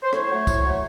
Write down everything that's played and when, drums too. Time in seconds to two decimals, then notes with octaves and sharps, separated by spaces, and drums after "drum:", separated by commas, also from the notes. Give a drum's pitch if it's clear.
0.03 C5
0.13 A2 C#5, drum: rim click
0.30 F#3 A3
0.47 A2, drum: kick, tambourine
0.65 F#3 A3